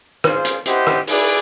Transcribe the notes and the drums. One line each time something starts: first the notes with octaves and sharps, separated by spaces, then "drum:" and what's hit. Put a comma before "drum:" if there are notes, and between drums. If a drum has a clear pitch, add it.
F4 G#4 C5 F5, drum: rim click
drum: hi-hat
E4 G4 C5 D#5 F#5, drum: hi-hat
drum: rim click
E4 G#4 B4 D5, drum: open hi-hat